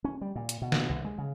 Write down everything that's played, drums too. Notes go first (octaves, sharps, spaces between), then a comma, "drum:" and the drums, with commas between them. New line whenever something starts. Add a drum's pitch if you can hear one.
C#4
G3
A#2
drum: hi-hat
B2
drum: snare
C2
G#3
C#3